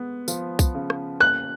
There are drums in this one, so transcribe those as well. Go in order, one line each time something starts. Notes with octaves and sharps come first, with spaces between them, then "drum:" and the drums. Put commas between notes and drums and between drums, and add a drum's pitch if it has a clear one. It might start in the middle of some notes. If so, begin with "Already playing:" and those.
Already playing: G#3 B3
F3, drum: tambourine
drum: kick B1, tambourine
C#3
drum: rim click
A#3 F#6, drum: rim click